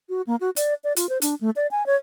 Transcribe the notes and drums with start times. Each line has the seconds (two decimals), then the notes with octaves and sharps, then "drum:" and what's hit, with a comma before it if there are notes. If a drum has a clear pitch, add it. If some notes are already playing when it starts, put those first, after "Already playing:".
0.09 F#4
0.27 A#3
0.41 F#4
0.56 D5, drum: hi-hat
0.84 D5
0.96 F4, drum: hi-hat
1.09 C5
1.22 D4, drum: hi-hat
1.41 A3
1.56 D5
1.71 G#5
1.86 C#5